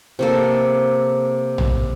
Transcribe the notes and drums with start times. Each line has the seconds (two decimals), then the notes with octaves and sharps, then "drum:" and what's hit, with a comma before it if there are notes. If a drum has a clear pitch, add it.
0.19 C3 A#3 A4
1.58 drum: tom A#1